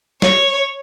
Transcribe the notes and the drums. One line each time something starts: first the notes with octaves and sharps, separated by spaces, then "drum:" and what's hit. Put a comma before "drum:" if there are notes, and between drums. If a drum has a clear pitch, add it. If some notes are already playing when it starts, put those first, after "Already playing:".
C#5, drum: snare